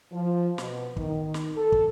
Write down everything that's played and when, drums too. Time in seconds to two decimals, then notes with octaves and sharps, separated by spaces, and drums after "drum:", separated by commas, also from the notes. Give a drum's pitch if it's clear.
0.12 F3
0.58 B2, drum: snare
0.97 D#3, drum: kick
1.34 drum: snare
1.56 A4
1.72 drum: kick